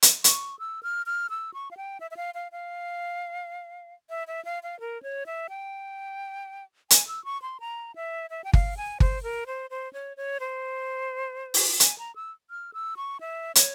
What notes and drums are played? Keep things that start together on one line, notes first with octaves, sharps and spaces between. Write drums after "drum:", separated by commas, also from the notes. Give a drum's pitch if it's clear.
drum: hi-hat
C#6, drum: hi-hat
E6
F6
F6
E6
C#6
F5
G5
E5
E5
F5
F5
F5
E5
E5
F5
F5
A#4
C#5
E5
G5
G#5, drum: hi-hat
E6
C#6
C6
A#5
E5
E5
G5
F5, drum: kick G1
G#5
C5, drum: kick G1
A#4
C5
C5
C#5
C#5
C5
drum: open hi-hat
G#5, drum: hi-hat
A#5
E6
F6
E6
C#6
E5
C#5, drum: hi-hat